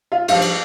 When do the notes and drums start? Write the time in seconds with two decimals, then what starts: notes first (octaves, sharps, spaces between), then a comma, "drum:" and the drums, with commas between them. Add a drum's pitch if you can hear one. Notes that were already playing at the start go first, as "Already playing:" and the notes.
0.12 F4
0.28 G2 F3 F4, drum: cymbal
0.41 drum: cymbal